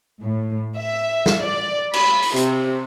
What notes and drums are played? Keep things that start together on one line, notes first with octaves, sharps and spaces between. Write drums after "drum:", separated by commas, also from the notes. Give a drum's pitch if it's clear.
A2
E5
drum: snare
D5
B5, drum: cymbal
drum: open hi-hat
C3, drum: hi-hat